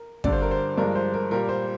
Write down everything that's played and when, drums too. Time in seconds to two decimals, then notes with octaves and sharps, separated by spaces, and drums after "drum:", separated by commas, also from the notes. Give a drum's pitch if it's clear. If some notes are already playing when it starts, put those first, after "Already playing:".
Already playing: A#4
0.24 G2 D3 G3 D5, drum: kick
0.33 C5
0.42 A#4
0.51 C5
0.78 G2 F3 G#3 A#4 D5
0.95 C5
1.14 A#4
1.31 A#2 G3 A#4
1.49 C5